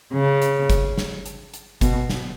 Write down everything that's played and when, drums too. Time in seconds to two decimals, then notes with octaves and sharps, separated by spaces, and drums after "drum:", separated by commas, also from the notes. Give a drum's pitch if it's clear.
0.14 C#3
0.42 drum: hi-hat
0.70 drum: kick G1, hi-hat
0.98 drum: snare
1.26 drum: hi-hat
1.54 drum: hi-hat
1.81 B2, drum: kick G1, hi-hat
2.10 drum: snare